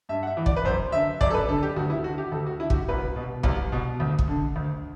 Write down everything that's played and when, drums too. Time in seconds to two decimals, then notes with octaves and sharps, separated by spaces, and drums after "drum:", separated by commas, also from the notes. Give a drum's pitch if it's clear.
0.09 G2 E5
0.23 F#5
0.27 E5
0.37 E3
0.46 D5, drum: kick
0.56 B4
0.65 F#2 C5
0.92 D3 E5
1.21 F#2 D5, drum: kick
1.30 A4
1.34 B4
1.48 D3 A4
1.63 G4
1.76 D2 F#4
1.90 E4
2.04 D3 F#4
2.18 G4
2.32 D2 A4
2.47 F#4
2.60 D3 E4
2.70 G4, drum: kick
2.74 F#4
2.89 C2 B4
3.16 B2
3.43 C2, drum: kick
3.72 B2
4.00 D2
4.19 drum: kick
4.28 D3
4.56 D2